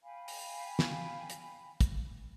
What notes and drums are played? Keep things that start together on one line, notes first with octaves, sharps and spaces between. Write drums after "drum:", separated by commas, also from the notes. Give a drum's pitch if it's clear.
F5 G5 G#5 B5
drum: open hi-hat
drum: snare
drum: hi-hat
drum: kick, hi-hat